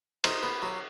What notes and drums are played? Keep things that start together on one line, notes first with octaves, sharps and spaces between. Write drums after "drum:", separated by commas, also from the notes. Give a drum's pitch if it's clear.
D#4 C5, drum: cymbal
B3
F#3